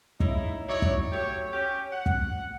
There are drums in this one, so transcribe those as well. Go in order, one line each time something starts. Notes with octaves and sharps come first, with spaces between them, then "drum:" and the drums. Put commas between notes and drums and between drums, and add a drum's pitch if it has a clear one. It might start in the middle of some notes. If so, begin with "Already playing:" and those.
C#3 D#4 E4, drum: kick
F#3 D#4 E4 C#5 D5
drum: kick
F#3 A3 G4 C#5
C#4 G4
F#5
drum: kick